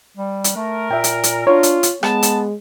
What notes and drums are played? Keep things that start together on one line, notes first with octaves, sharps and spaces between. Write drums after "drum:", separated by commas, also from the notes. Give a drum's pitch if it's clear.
G3
drum: hi-hat
A3 A#4
A#2 E5 G5
drum: hi-hat
drum: hi-hat
D4 F4 C#5
drum: hi-hat
drum: hi-hat
G#3 B3 A5, drum: rim click
drum: hi-hat